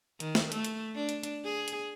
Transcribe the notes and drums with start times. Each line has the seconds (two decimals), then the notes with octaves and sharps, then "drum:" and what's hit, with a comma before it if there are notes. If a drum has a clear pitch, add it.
0.20 D#3, drum: hi-hat
0.35 drum: snare
0.52 A3, drum: hi-hat
0.65 drum: hi-hat
0.95 D4
1.09 drum: hi-hat
1.23 drum: hi-hat
1.45 G#4
1.68 drum: hi-hat